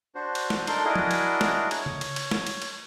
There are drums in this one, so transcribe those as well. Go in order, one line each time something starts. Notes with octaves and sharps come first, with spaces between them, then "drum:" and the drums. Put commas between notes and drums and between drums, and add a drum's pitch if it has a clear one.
D4 F#4 C5
drum: cymbal
drum: snare
D4 D#4 A4 A#4 C6, drum: cymbal
D4 E4 F#4 G#4 A#4 D#5
drum: tom
drum: cymbal
drum: snare
C#5, drum: cymbal
drum: tom C#3
drum: cymbal
drum: cymbal
drum: snare
drum: cymbal
drum: cymbal